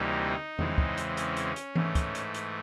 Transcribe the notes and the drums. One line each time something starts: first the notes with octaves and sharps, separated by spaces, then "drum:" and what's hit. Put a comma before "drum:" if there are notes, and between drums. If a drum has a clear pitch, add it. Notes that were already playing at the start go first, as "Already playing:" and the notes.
Already playing: D2 C3 E3 G3 A#3 D#4
E2 C#3 E3 G#3 C4, drum: tom E2
drum: kick
drum: hi-hat
C#4, drum: hi-hat
drum: hi-hat
drum: hi-hat
G#2 E3 A3, drum: tom E3
drum: kick, hi-hat
drum: hi-hat
drum: hi-hat